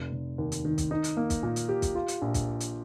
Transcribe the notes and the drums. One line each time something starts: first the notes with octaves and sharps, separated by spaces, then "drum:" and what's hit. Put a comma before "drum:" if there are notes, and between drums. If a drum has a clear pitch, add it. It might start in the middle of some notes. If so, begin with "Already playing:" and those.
Already playing: F1
F1
D#2
drum: hi-hat
D#3
drum: kick, hi-hat
D#4
drum: hi-hat
A#3
drum: kick, hi-hat
A#2
drum: hi-hat
G4
drum: kick, hi-hat
F4
drum: hi-hat
A#1
drum: kick, hi-hat
drum: hi-hat